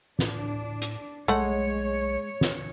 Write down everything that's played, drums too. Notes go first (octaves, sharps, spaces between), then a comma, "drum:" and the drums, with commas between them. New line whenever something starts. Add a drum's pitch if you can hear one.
A2 D4, drum: snare
drum: hi-hat
B1 G#3 A3 C#5 F#5
drum: snare